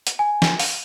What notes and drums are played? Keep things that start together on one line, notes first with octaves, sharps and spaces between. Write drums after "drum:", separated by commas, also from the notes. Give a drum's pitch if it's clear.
drum: hi-hat
G#5
drum: snare
F5, drum: open hi-hat